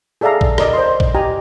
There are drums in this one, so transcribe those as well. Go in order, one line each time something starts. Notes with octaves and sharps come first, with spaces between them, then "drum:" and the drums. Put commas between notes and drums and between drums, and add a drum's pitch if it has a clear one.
G#4 A4 D5 E5 F5 A#5
drum: kick A1
A#4 D5 D#5, drum: rim click
C5 D#5 C6
drum: kick A1
G4 D#5 G#5 A#5